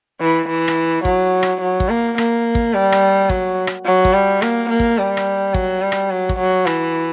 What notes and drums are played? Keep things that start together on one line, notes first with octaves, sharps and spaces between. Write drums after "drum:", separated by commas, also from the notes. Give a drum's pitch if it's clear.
E3
E3
drum: rim click
F#3, drum: kick
drum: rim click
F#3
drum: kick
A#3
A#3, drum: rim click
drum: kick
G3
drum: rim click
F#3, drum: kick
drum: rim click
F#3
drum: kick
G3
A#3, drum: rim click
A#3
drum: kick
G3
drum: rim click
F#3, drum: kick
G3
drum: rim click
F#3
drum: kick
F#3
E3, drum: rim click